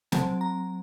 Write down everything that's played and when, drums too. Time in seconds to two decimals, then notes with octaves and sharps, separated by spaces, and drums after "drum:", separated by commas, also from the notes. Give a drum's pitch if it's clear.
0.12 F#3 C4 A5, drum: snare
0.41 A#5